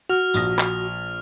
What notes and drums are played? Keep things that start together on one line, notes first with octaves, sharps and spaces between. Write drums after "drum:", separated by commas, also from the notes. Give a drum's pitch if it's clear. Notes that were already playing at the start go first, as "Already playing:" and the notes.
F#4 F6 F7
A#1 D#6 A#6, drum: tambourine
drum: clap